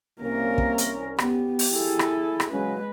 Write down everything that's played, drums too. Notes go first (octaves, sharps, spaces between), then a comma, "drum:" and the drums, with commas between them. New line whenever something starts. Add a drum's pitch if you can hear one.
C2 C3 A#3 C#4 A#4
drum: kick
drum: hi-hat
B3 G4, drum: rim click
drum: open hi-hat
E4 G#4 A4
drum: rim click
drum: rim click
C#3 F#3 G#3 C#4 B4